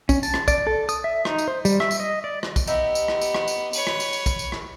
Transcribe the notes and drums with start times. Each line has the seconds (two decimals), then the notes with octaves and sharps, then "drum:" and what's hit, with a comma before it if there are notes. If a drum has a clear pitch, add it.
0.09 C#4, drum: kick, tambourine
0.23 A5, drum: tambourine
0.34 drum: rim click
0.48 D5, drum: kick, tambourine
0.67 A4
0.89 D#6, drum: tambourine
1.04 E5
1.25 D#4, drum: rim click
1.38 drum: tambourine
1.48 C5
1.65 G3, drum: tambourine
1.80 E5, drum: rim click
1.91 drum: tambourine
2.00 D#5
2.24 D5
2.43 drum: rim click
2.56 drum: kick, tambourine
2.67 B3 D#4 G4 E5, drum: tambourine
2.95 drum: tambourine
3.08 drum: rim click
3.21 drum: tambourine
3.35 drum: rim click
3.48 drum: tambourine
3.73 B4 C#5, drum: tambourine
3.87 drum: rim click
4.00 drum: tambourine
4.13 drum: tambourine
4.26 drum: kick, tambourine
4.39 drum: tambourine
4.52 drum: rim click